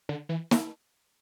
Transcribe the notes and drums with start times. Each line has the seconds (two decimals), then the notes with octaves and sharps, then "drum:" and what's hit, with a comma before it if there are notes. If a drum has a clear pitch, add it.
0.09 D3
0.29 E3
0.51 A#3, drum: snare